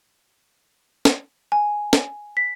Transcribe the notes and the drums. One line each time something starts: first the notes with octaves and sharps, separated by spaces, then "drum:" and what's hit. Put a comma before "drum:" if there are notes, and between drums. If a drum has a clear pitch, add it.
drum: snare
G#5
drum: snare
B6